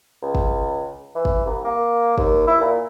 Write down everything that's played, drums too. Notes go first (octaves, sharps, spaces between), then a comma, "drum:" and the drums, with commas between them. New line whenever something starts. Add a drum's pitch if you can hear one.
C#2
drum: kick
E3
drum: kick
C2
A#3
D#2, drum: kick
E4
A#2